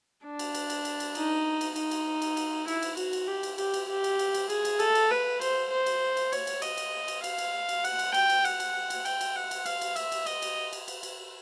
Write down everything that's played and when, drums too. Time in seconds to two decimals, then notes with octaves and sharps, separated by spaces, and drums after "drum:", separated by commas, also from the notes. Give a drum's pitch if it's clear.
0.24 D4
0.39 drum: cymbal
0.55 drum: cymbal
0.70 drum: cymbal
0.85 drum: cymbal
1.00 drum: cymbal
1.15 D#4, drum: cymbal
1.61 drum: cymbal
1.76 D#4, drum: cymbal
1.91 drum: cymbal
2.22 drum: cymbal
2.37 drum: cymbal
2.68 E4, drum: cymbal
2.82 drum: cymbal
2.97 F#4, drum: cymbal
3.13 drum: cymbal
3.27 G4
3.43 drum: cymbal
3.58 G4, drum: cymbal
3.74 drum: cymbal
3.89 G4
4.04 drum: cymbal
4.19 drum: cymbal
4.34 drum: cymbal
4.50 G#4, drum: cymbal
4.65 drum: cymbal
4.80 A4, drum: cymbal
4.95 drum: cymbal
5.11 B4
5.41 C5, drum: cymbal
5.71 C5
5.86 drum: cymbal
6.17 drum: cymbal
6.33 C#5, drum: cymbal
6.47 drum: cymbal
6.62 D#5, drum: cymbal
6.78 drum: cymbal
7.08 drum: cymbal
7.24 F5, drum: cymbal
7.38 drum: cymbal
7.69 drum: cymbal
7.84 F#5, drum: cymbal
7.99 drum: cymbal
8.14 G5, drum: cymbal
8.30 drum: cymbal
8.45 F#5, drum: cymbal
8.60 drum: cymbal
8.90 drum: cymbal
9.05 G5, drum: cymbal
9.21 drum: cymbal
9.36 F#5
9.51 drum: cymbal
9.66 F5, drum: cymbal
9.81 drum: cymbal
9.96 E5, drum: cymbal
10.12 drum: cymbal
10.26 D#5, drum: cymbal
10.42 drum: cymbal
10.73 drum: cymbal
10.88 drum: cymbal
11.03 drum: cymbal